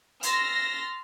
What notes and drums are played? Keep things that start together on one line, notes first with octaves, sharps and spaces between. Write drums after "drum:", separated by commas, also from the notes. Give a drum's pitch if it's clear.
C6 E6 F6 A6 A#6, drum: hi-hat